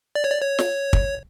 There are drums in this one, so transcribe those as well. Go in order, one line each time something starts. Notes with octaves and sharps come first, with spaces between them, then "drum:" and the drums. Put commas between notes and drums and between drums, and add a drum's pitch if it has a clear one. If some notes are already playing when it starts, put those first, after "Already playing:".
D5
C#5
D5
C#5
drum: snare
drum: kick